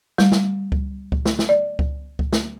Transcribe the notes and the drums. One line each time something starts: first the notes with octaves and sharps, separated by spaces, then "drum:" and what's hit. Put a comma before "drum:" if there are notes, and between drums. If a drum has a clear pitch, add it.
G3, drum: snare
drum: snare
drum: kick C#2
drum: kick C#2
drum: snare
drum: snare
D5
drum: kick C#2
drum: kick C#2
drum: snare